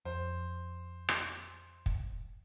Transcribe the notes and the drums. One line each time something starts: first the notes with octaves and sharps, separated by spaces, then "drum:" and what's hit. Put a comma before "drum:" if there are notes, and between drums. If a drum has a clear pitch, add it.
F2 C5
drum: rim click
drum: kick